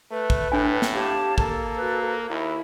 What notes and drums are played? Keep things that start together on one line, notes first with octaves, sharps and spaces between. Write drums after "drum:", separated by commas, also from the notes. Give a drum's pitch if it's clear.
A3 B4
drum: kick
A2 D4 G#5
drum: snare
G4 C#5 F5 A5
A#3 A4, drum: kick
F#4 B4 C5
D#2 E4